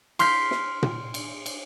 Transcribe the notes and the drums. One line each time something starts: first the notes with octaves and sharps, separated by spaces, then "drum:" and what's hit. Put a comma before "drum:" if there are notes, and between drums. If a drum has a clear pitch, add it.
C6 F6 G6 B6, drum: cymbal
drum: snare
drum: tom A#2
drum: cymbal
drum: cymbal